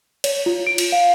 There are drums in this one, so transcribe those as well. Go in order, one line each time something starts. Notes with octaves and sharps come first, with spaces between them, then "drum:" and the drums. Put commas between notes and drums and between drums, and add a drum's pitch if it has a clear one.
C#5, drum: cymbal
F4
D7
drum: cymbal
F5